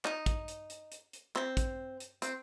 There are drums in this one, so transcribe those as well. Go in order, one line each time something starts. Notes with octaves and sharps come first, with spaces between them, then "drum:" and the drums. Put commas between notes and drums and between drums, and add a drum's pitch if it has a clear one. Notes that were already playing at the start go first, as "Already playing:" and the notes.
D#4, drum: clap
drum: kick, hi-hat
drum: hi-hat
drum: hi-hat
drum: hi-hat
drum: hi-hat
C4, drum: clap
drum: kick, hi-hat
drum: hi-hat
C4, drum: hi-hat